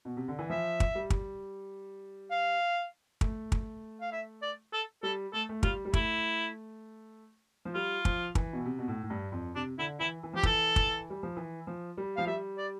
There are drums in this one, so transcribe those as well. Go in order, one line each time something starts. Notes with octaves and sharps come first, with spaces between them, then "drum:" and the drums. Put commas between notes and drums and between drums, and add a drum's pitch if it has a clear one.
B2
C3
D3
E3
F3 E5
drum: kick
G3
drum: kick
F5
A3, drum: kick
drum: kick
F5
E5
D5
A4
G3 A4
A3 A4
A3
G3 F4, drum: kick
G3
A3 E4, drum: kick
F3
G3 F4
F3, drum: kick
E3, drum: kick
B2
C3
B2
A2
A2
G2
F2
C3 D4
D3 E4
E3 E4
E3
F3 G4
E3 A4, drum: kick
drum: kick
G3
F3
E3
F3
G3
F3 F5
G3 E5
D5